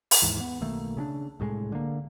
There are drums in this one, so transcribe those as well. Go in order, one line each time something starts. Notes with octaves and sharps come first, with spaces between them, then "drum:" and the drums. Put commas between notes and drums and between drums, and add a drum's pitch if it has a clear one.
drum: open hi-hat
D#2 G#2 E3
B3
B1 D#3 A3 A#3
C#3 C#4 D4
C2 A2 F#3 G#3
D3 A#3